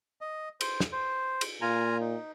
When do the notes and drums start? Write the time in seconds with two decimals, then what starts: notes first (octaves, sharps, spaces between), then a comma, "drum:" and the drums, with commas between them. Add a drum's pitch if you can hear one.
0.21 D#5
0.61 C5, drum: cymbal
0.80 drum: snare
0.92 C5
1.41 drum: cymbal
1.61 A#2 F4 G#5 A#5
2.00 D#4